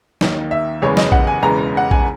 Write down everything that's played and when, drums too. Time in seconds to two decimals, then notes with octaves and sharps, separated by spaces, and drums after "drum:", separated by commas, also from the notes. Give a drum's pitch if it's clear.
0.21 D#2 D#3 A#3 D#4, drum: snare
0.51 E5
0.82 F#1 E2 C#3 G#3 B3 C#5
0.97 D#5, drum: snare
1.12 F#5, drum: kick A#1
1.27 G#5
1.42 E1 E2 C#3 G#3 B3 A#5
1.77 F#5
1.91 G#5, drum: kick A#1